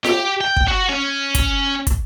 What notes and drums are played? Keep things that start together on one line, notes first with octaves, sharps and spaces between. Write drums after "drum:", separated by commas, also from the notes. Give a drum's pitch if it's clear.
G4, drum: snare F4
G5
drum: kick
F#4
C#4
drum: kick, hi-hat
drum: kick, hi-hat